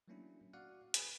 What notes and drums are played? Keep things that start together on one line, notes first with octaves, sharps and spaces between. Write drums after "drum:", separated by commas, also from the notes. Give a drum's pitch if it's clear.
F#3 A3 A#3 C#4 D4 E4
F#4 D5 F5 F#5
G#4 B4, drum: hi-hat